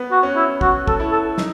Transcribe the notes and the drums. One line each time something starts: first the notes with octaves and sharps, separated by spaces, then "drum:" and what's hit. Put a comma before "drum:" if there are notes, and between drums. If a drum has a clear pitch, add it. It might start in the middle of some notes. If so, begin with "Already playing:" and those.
Already playing: B3
F#4
C#4
E4
F#4, drum: kick
A4, drum: kick
E4
A4
D#4, drum: snare